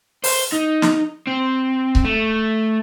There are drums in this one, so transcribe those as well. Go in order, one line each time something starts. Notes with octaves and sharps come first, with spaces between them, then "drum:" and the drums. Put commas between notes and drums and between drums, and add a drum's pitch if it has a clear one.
C5, drum: open hi-hat
D#4
drum: snare
C4
drum: kick C#1
A3